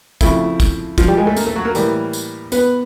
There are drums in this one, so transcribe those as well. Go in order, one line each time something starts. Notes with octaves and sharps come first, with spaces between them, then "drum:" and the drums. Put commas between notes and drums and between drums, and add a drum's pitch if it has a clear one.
C#3 F3 A3 C4 E4, drum: kick, tambourine
drum: kick, tambourine
F3 F4, drum: kick, tambourine
G3 G4
G#3 G#4
A3 A4
A#3 A#4, drum: tambourine
A3 A4
F#3 F#4
A#3 A#4
A2 E3 G3, drum: tambourine
drum: tambourine
B3 B4, drum: tambourine